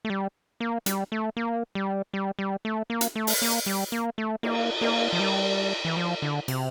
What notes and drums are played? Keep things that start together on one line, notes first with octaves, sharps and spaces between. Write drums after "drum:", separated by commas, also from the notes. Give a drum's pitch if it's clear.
A3
G3
A#3
G3, drum: hi-hat
A3
A#3
G3
G3
G3
A3
A#3
drum: hi-hat
A3
drum: open hi-hat
A#3
G3
A#3
A3
A#3, drum: cymbal
A#3, drum: cymbal
F3
G3
E3
F3
D3
C3, drum: cymbal